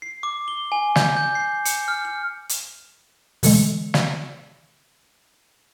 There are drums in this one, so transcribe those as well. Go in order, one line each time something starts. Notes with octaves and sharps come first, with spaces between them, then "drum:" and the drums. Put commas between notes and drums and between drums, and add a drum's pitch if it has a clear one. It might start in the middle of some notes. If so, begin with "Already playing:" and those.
C7
D6
G7
G#5
G6, drum: snare
G6
C7
C#7, drum: hi-hat
F6
F6
drum: hi-hat
B2 D3 E3 G#3, drum: open hi-hat
drum: snare